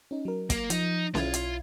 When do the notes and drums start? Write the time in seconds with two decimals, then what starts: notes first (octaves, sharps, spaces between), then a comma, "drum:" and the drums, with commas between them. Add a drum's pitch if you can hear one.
0.11 C#4 D#4
0.25 F#3 A#4
0.50 A#3, drum: kick, hi-hat
0.70 F3 D#4, drum: hi-hat
1.15 B1 E4 F4 G#6, drum: snare C#4
1.34 drum: hi-hat